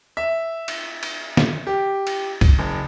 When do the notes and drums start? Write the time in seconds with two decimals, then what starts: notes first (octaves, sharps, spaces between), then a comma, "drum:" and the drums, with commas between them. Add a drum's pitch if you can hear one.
0.17 E5
0.68 drum: cymbal
1.03 drum: cymbal
1.37 drum: snare
1.67 G4
2.07 drum: cymbal
2.41 drum: kick, cymbal
2.59 F#1